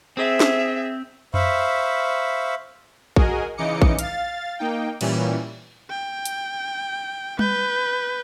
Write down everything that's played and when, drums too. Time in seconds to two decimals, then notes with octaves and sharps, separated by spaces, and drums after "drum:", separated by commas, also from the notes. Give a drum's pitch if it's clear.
0.17 C4 G#4 E5
0.40 drum: snare
1.34 C5 E5 F5 B5 C#6, drum: tom F2
3.16 F#4 G#4 A#4 D#5 G#5, drum: kick A#1
3.57 C#3 E3 D#4 D#5 D6 C#7
3.82 drum: kick A#1
3.99 F5 A6, drum: hi-hat
4.59 A#3 D#4 G5
5.01 A#2 E3 G3 C#4, drum: cymbal
5.90 G5
6.25 drum: hi-hat
7.39 B4 G6, drum: tom G3